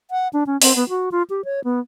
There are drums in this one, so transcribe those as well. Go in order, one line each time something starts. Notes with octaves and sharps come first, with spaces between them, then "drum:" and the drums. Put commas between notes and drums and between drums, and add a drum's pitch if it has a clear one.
F#5
D4
C#4
C4, drum: open hi-hat
B3
F#4
F4
G4
C#5
B3